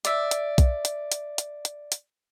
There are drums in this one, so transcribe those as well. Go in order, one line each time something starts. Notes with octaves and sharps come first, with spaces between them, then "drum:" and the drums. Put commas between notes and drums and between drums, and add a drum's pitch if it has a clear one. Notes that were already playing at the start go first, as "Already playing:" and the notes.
D5 E5, drum: hi-hat
drum: hi-hat
drum: kick B1, hi-hat
drum: hi-hat
drum: hi-hat
drum: hi-hat
drum: hi-hat
drum: hi-hat